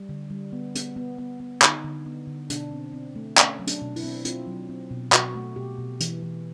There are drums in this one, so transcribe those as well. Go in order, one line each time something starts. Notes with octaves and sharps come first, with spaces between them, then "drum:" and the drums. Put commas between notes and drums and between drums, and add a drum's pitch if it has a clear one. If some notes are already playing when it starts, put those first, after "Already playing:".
Already playing: G3
D3
G3
B3
B3, drum: hi-hat
B3
B3
B3
D3 D#4, drum: clap
D3
B3
D3
B2 D4, drum: hi-hat
C4
C4
A3
A3 C#4, drum: clap
F#3
D4, drum: hi-hat
B2
E4, drum: open hi-hat
C4
C4 F4, drum: hi-hat
F#3
C4
B2
B2 F#4, drum: clap
A3
B2 G4
B2
E3, drum: hi-hat
E3